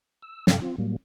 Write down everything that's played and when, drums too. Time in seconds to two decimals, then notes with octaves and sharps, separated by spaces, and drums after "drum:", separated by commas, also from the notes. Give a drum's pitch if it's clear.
0.23 E6
0.47 G2 C3 A4 F5 G5, drum: snare
0.62 C4 F4
0.78 A2 F#3 G3 A#3